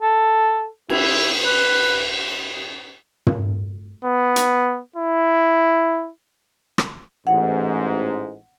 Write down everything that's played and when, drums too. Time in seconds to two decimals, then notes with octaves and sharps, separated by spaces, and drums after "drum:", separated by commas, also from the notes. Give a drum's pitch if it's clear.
0.02 A4
0.89 E4, drum: cymbal
1.45 B4
3.27 drum: tom
4.05 B3
4.36 drum: hi-hat
4.96 E4
6.78 drum: rim click
7.27 A1 G#2 F#5